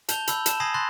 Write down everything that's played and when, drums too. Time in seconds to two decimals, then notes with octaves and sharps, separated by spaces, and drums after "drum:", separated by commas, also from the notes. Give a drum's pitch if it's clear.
0.09 A5 G6 F7 G7, drum: hi-hat
0.27 A5 B5 E6 G6, drum: hi-hat
0.46 A5 E7, drum: hi-hat
0.60 G#5 B5 D#6 G#6 A#6 C7
0.74 B5 C6 F#6 A6 A#6